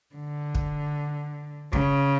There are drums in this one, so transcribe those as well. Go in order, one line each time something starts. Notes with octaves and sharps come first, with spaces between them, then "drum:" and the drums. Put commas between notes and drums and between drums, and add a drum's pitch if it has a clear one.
D3
drum: kick
C#3, drum: kick